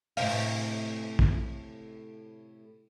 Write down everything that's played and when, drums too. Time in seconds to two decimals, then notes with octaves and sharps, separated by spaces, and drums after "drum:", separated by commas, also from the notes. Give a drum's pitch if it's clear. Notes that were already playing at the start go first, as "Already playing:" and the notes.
0.17 A2 C3 F5, drum: open hi-hat
1.19 drum: kick